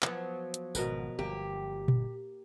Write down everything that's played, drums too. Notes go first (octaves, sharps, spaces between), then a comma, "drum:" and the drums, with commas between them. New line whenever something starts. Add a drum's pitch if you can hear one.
F3 F#3 B3, drum: clap
drum: hi-hat
G#1 B2 A#4 B4, drum: tambourine
G1 A#3 G4
drum: tom A#2